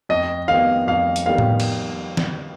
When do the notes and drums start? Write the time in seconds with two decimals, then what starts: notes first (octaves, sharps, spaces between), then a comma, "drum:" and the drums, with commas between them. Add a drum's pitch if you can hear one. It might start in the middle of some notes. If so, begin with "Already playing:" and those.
0.09 F2 D#5
0.48 D#3 G3 B3 F5
0.87 F2 F5
1.16 drum: hi-hat
1.26 D#3 G3 B3 F5
1.38 drum: tom A2
1.60 drum: cymbal
2.17 drum: snare